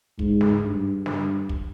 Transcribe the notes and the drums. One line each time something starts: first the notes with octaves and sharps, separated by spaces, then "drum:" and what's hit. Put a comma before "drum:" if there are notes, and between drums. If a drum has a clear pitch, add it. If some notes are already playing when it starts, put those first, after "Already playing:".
G#2, drum: kick
drum: snare
G2
G2, drum: snare
drum: kick